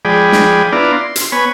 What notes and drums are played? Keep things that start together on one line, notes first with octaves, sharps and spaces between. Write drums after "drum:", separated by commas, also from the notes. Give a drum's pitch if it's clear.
F3 G#3 G#4 D5 G5 B5
drum: snare
B3 D4 E4 F4 D5 A#5
C6
drum: hi-hat
B3 C#5 G#5 B5